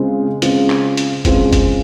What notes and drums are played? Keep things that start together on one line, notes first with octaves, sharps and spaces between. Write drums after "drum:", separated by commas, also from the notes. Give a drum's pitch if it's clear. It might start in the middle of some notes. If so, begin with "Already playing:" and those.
Already playing: C#3 G#3 C4 F4
C#3 G#3 C4 F4, drum: hi-hat
drum: clap
drum: hi-hat
C#3 G#3 C4 F4, drum: kick, hi-hat
drum: kick, hi-hat